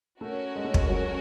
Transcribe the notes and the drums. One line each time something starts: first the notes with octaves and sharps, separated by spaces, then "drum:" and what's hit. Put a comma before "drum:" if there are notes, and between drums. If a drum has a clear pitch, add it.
A3 C#4 F#4 A#4 C#5
G#3
A3
G#3, drum: kick
F#3